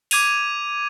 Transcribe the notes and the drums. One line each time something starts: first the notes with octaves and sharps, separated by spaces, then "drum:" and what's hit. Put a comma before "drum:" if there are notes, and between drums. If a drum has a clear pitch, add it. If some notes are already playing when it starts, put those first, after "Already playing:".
D6 G#6 D#7 F7, drum: open hi-hat